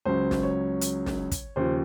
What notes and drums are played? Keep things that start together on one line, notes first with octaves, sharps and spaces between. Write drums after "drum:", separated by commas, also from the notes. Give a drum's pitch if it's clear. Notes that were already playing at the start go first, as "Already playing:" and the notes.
C#2 C#3 F#3 C5
drum: snare
C#5
drum: hi-hat
drum: snare
drum: kick, hi-hat
D#2 C#3 F3 C5